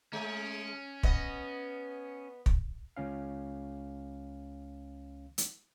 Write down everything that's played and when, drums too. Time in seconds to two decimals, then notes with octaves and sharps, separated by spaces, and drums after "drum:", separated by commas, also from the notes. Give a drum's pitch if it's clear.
0.13 G#3 C#4
1.03 B3 D#5, drum: kick
2.46 drum: kick
2.97 C#2 C#4 F5
5.38 drum: hi-hat